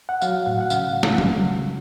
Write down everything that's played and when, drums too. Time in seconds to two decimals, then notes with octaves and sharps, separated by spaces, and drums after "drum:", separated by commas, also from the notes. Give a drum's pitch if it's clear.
0.09 F#5
0.22 F#3 F5, drum: tambourine
0.46 A2 F#5
0.61 F#5
0.70 C#3 F5, drum: tambourine
0.94 F#3
1.03 F#5, drum: snare
1.18 C#3, drum: tom
1.43 F#3